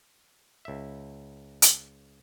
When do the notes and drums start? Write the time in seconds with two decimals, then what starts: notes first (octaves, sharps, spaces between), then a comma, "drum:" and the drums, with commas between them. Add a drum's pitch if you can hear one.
0.65 C#2 E5
1.62 drum: hi-hat